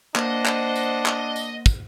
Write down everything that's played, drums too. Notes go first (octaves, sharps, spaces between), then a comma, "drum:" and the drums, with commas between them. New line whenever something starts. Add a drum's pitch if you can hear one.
A#3 D4 C5 D#5 F#5, drum: clap
drum: clap
drum: tambourine
drum: clap
drum: tambourine
drum: kick, tambourine